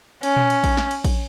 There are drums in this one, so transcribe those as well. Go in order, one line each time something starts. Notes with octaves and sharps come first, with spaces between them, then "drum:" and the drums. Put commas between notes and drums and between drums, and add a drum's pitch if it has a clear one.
C#4, drum: cymbal
drum: tom A#2
drum: cymbal
drum: kick A#1, cymbal
drum: snare
drum: cymbal
drum: kick A#1, cymbal